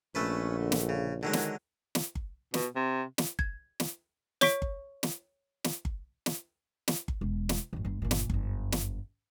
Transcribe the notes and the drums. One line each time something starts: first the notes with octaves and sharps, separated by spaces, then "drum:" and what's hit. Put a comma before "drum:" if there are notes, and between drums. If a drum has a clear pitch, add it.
A#1 A3 C#4 A4 B4
D3
drum: snare
C#3
D3 D#3 F#3 G#3
drum: snare
drum: snare
drum: kick G1
B2, drum: snare
C3
drum: snare
G#6, drum: kick G1
drum: snare
C#5 C#6 B6 D7, drum: snare
drum: kick G1
drum: snare
drum: snare
drum: kick G1
drum: snare
drum: snare
drum: kick G1
E1
drum: snare
A1 F#2
G1 G2
G1 A#2
drum: snare
G1 F#2, drum: kick G1
drum: snare